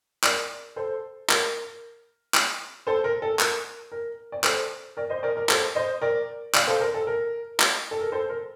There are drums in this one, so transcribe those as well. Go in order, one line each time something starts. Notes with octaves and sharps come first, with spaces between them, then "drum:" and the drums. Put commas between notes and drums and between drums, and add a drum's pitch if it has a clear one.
A#4 D5, drum: clap
A4 C5
A#4, drum: clap
drum: clap
A4 C5
A#4
A4
A#4, drum: clap
A#4
D5
A4 C5, drum: clap
A#4 D5
C5 D#5
A#4 D5
A#4
A4 C5, drum: clap
C5 D#5
A#4 D5
D5 F5, drum: clap
A4 C5
A#4
A4
A#4
drum: clap
A4
A#4
A4 C5
A#4